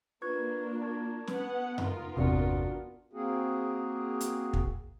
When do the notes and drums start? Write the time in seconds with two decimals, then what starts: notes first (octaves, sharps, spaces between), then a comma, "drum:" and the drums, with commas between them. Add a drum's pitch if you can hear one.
0.22 A#3 D4 F4 A#4 B4 C#6 G#6
0.82 A5 C#6 G#6
1.27 B3 B4 F#5, drum: snare
1.78 B3 D#4 F4 A#4, drum: tom F#2
2.17 G1 E2 C3 D4 F#4 D5 F#5
3.13 A#3 C4 F#4 G#4
4.21 drum: hi-hat
4.53 drum: kick